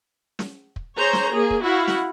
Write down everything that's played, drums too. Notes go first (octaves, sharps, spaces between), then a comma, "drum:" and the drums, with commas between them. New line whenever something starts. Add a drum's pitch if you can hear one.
drum: snare
drum: kick
G#4 C5 C#5 A#5
drum: snare
A#3 G#4
drum: kick
E4 F#4 F5 F#5
drum: snare